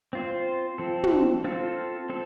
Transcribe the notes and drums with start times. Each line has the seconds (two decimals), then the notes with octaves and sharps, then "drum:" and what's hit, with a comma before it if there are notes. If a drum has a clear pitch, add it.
0.13 C4 F4 C5
0.78 F3 C4 A4
1.04 drum: tom
1.44 C4 F4 A4 C5
2.10 C4 A4